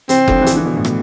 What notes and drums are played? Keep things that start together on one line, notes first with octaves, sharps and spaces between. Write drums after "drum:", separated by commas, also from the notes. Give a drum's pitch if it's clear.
C3 E3 C4, drum: hi-hat
D3 F3, drum: kick F#1
E3
D3 F3, drum: hi-hat
E3
B2 D3
A2
B2, drum: rim click